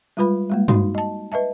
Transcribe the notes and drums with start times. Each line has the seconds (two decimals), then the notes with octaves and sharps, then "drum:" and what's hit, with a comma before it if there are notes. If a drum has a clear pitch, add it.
0.17 G3 G#3 F4 B4 B5
0.49 G3 G#3 A#3
0.68 G#3 D#4 F#4 C6, drum: tom G2
0.95 D#5 A5
1.32 B4 D#5 E5 A5